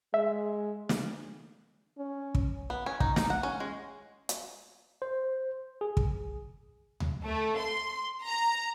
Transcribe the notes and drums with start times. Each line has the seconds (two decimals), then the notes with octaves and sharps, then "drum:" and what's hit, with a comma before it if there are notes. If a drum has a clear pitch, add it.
0.14 G#3 E5
0.89 drum: snare
1.98 C#4
2.35 drum: kick
2.70 B3
2.86 C#4
3.00 D#4, drum: kick
3.16 D#4, drum: snare
3.30 F#5
3.43 C#4
3.60 G#3
4.29 drum: hi-hat
5.02 C5
5.81 G#4
5.97 drum: kick
7.00 drum: tom D2
7.24 A3
7.59 C6
8.26 A#5